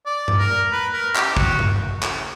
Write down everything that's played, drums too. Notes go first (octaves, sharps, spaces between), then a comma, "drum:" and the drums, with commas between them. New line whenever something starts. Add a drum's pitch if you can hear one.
D5
drum: tom G2
A#4
B4
A#4
G4, drum: clap
F#4, drum: kick
drum: tom G2
drum: clap